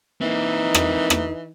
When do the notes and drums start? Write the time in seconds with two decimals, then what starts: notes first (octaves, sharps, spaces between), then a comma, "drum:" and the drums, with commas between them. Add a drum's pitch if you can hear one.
0.21 E3 A#3 C4 D#4
0.74 drum: rim click
1.10 drum: rim click